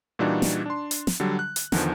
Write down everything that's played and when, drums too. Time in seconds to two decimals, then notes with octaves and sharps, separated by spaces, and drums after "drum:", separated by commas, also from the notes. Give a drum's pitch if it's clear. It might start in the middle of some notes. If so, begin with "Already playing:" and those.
0.19 A#2 E3 G3 D4 D#4 F#4
0.42 drum: snare
0.66 D4 C6
0.91 drum: hi-hat
1.07 drum: snare
1.20 D3 F#3 G3
1.39 F#6
1.56 drum: hi-hat
1.72 E2 D3 D#3 F3, drum: snare